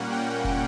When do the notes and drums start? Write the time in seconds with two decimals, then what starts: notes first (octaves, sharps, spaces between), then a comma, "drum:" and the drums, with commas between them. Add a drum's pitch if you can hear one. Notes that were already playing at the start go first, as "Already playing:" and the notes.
Already playing: A#2 G3 A#3 C#4 F#5
0.12 G5
0.44 drum: kick